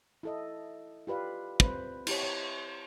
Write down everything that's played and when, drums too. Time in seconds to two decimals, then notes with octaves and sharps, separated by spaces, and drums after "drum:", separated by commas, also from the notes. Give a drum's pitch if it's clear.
0.23 E4 A4 D#5
1.07 F4 G4 B4 D5 F5
1.60 C4 B4 C5, drum: kick
2.07 E4 G4 C#5, drum: cymbal
2.23 C#5